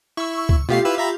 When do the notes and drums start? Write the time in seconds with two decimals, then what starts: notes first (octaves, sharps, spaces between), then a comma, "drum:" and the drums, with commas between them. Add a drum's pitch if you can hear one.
0.17 E4 C#6 E6
0.49 drum: kick
0.69 B2 A3 F4 G4 F5 C7
0.85 E4 B4 E6
0.98 E5 A#5 B5